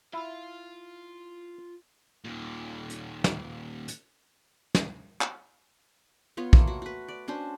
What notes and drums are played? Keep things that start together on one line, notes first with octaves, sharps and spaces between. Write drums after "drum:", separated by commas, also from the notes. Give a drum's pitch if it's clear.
E4 F4 F5
D#2 A#2
drum: hi-hat
drum: snare
drum: hi-hat
drum: snare
drum: clap
B3 F4 C#5
A3 A#3 A4, drum: kick
F#4
F#4 B4
D5
C#4 D4 F#4 C5